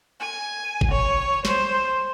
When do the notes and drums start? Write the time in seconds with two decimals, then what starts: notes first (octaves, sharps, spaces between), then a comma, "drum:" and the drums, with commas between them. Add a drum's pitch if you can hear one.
0.19 G#5
0.81 drum: kick
0.91 C#5
1.45 C5, drum: snare